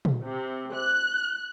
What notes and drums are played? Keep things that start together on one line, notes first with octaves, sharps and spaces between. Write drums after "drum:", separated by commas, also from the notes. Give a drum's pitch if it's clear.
drum: tom
C3
F#6